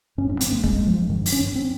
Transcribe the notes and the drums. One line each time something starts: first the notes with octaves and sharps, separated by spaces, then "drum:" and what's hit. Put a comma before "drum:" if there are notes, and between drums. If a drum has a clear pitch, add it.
G2 C#4
C#4
G2
C4, drum: hi-hat
G2 A#3
G2 G#3, drum: kick
G2
F3
G2
G2 D#3
G2, drum: open hi-hat
C#4
G2
C4